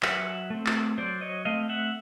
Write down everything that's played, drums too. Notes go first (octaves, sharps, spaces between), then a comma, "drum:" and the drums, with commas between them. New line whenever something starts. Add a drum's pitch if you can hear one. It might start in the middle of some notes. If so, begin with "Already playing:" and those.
F#3 E5 F#5, drum: clap
A3 C4
drum: clap
F#3 C5 D5
C#5 D#5
A3 C4 D#5 F5
E5 F#5